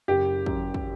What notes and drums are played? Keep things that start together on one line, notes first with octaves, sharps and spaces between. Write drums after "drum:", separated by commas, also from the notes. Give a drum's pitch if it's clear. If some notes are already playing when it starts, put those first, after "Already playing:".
F#1 G4
F#2, drum: kick
drum: kick